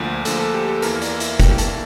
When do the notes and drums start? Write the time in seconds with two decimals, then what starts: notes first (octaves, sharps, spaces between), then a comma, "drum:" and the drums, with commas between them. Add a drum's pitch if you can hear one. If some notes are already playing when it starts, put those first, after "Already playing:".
Already playing: D2 D3 F3 A#3
0.25 D2 D3 F3 A#3 A4, drum: hi-hat
0.40 A4
0.54 G4
0.68 A4
0.82 E2 E3 A#3 A#4, drum: hi-hat
1.02 D5, drum: hi-hat
1.20 E5, drum: hi-hat
1.40 E2 E3 A#3 G5, drum: kick, hi-hat
1.58 A5, drum: hi-hat